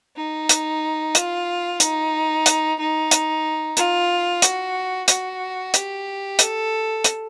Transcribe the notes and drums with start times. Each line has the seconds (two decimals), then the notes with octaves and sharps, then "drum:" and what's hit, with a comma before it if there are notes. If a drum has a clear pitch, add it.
0.16 D#4
0.49 drum: hi-hat
1.15 F4, drum: hi-hat
1.80 D#4, drum: hi-hat
2.46 drum: hi-hat
2.79 D#4
3.11 drum: hi-hat
3.77 F4, drum: hi-hat
4.42 F#4, drum: hi-hat
5.08 F#4, drum: hi-hat
5.74 G4, drum: hi-hat
6.39 A4, drum: hi-hat
7.04 drum: hi-hat